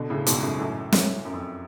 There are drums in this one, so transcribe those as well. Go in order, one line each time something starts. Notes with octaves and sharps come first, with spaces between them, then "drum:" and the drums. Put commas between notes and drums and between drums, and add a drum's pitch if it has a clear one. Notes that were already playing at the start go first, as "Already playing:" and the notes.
Already playing: B2 D3
A2 C#3
G#2 B2, drum: hi-hat
F#2 A2
F#2 A2
drum: snare
F#2
F2